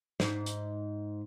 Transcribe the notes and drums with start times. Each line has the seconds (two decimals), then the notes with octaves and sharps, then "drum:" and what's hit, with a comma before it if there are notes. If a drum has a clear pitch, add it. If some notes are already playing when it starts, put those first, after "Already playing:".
0.20 G#2, drum: snare
0.46 drum: hi-hat